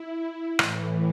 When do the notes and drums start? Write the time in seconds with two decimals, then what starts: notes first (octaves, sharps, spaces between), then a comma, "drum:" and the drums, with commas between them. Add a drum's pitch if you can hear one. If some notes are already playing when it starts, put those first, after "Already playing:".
Already playing: E4
0.59 A2 E3, drum: rim click